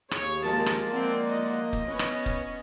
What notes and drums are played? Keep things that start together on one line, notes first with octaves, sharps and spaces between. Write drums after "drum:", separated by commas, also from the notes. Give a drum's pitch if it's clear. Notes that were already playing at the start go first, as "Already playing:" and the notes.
D#2 G#4 C#5, drum: rim click
F3 G#3 A#3 A5
drum: rim click
G#3 C4 D5 F#5
D#5
drum: kick
B3 C#4 B4 C#5
drum: rim click
drum: kick